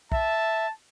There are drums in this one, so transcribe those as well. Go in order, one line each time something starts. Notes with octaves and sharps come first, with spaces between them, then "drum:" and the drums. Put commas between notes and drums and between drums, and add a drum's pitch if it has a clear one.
E5 A5, drum: kick